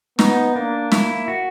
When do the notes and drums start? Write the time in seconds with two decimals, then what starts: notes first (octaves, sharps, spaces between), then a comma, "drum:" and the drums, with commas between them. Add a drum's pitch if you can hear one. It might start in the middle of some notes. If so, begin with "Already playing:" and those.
0.19 B3 D#4, drum: snare
0.56 A#3 D4
0.92 E4, drum: snare
1.28 F#4